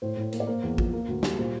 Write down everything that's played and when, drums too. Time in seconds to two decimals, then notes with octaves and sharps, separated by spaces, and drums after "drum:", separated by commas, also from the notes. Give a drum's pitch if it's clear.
0.02 A2 C5
0.17 A2
0.32 A#3, drum: hi-hat
0.40 D5
0.47 A#3 C5
0.63 E2
0.78 F3, drum: kick A1
0.93 A#3
1.08 D2
1.23 G3, drum: snare
1.39 A#2 C5